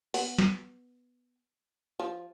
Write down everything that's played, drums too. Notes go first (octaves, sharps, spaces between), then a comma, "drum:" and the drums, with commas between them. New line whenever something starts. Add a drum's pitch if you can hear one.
B3, drum: open hi-hat
drum: snare
F3